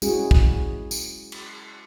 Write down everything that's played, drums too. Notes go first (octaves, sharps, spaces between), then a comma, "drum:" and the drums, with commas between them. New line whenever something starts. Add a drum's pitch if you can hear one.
G#3 C#4 E4 F#4 G#4, drum: tambourine
drum: kick
drum: tambourine
drum: cymbal